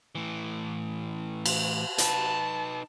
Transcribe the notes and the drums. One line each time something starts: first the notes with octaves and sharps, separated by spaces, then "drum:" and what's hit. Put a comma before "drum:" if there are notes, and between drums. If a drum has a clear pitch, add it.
A2 E3
drum: cymbal
D#4 B4 A5, drum: hi-hat